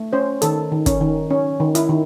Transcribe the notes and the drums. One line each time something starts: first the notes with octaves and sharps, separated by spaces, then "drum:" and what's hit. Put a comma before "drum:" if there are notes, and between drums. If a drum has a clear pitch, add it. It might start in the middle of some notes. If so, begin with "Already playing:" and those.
Already playing: A3
C#4 C5
D#3 A4, drum: hi-hat
D#3
C#4, drum: kick, hi-hat
D#3
C#4
D#3
E4, drum: hi-hat
D#3